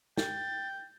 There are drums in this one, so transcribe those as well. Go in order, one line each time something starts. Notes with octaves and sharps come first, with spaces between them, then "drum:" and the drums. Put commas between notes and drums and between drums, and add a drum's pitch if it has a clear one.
G5 A6, drum: snare